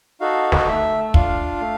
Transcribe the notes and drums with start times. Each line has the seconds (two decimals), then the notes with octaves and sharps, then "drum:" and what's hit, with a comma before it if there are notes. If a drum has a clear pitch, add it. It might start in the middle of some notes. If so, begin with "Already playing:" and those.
0.21 D#4 F#4 A4 F5
0.52 drum: snare
0.67 A3 E5
1.14 D4 F4 F5, drum: kick
1.61 A3